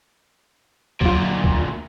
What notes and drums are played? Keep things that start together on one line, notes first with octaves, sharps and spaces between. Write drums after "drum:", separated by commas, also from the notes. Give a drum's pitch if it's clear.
D2 A#2 F#3 F4, drum: kick C2
drum: kick C2